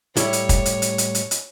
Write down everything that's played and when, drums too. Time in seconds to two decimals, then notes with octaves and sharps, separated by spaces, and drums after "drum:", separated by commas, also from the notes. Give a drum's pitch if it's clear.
0.16 A2 G3 E4 C#5, drum: hi-hat
0.33 drum: hi-hat
0.49 drum: kick, hi-hat
0.66 drum: hi-hat
0.82 drum: hi-hat
0.98 drum: hi-hat
1.15 drum: hi-hat
1.31 drum: hi-hat